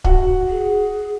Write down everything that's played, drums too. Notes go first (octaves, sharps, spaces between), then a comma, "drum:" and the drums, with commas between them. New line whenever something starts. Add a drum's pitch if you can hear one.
F#4 F#5, drum: kick
G#4